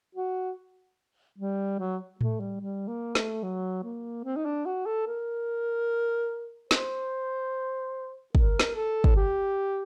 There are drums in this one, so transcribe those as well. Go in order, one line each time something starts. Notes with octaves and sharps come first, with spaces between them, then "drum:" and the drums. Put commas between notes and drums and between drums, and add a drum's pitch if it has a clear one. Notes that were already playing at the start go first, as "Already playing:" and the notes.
F#4
G3
F#3
A3, drum: tom A2
G3
G3
A#3
A3, drum: snare
F#3
A#3
C4
D#4
D4
F#4
A4
A#4
C5, drum: snare
A#4, drum: kick
drum: snare
A4
drum: kick
G4